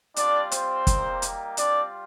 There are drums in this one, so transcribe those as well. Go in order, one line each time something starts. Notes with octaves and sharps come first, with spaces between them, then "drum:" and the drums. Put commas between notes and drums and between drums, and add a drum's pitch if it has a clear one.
G3 C4 D4 F4 D5, drum: hi-hat
C4 C5, drum: hi-hat
G3 A#3 D#4 G4, drum: kick, hi-hat
drum: hi-hat
G3 C4 D4 F4 D5, drum: hi-hat